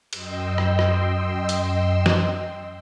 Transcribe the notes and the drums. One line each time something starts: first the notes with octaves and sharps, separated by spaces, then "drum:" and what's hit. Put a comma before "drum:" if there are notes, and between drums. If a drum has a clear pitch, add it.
F#2 D#5 G5 C6 E6, drum: cymbal
drum: rim click
drum: rim click
drum: hi-hat
drum: snare